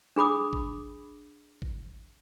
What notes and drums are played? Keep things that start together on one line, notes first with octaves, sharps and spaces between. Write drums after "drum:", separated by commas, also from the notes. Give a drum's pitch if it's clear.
D4 G#4 B5 D6 D#6
drum: kick
drum: kick